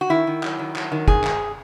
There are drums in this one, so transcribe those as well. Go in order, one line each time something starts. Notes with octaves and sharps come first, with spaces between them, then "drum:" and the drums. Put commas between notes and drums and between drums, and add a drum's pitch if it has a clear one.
F#4
D#3 E4
D#3
F#3, drum: clap
D#3
F#3, drum: clap
D#3
G#2 G#4, drum: kick
G#2, drum: clap